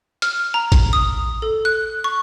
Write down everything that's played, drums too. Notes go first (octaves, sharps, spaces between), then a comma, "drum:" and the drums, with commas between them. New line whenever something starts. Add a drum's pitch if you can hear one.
F6, drum: hi-hat
A#5
drum: kick A1, hi-hat
D#6
A4
F#6
C#6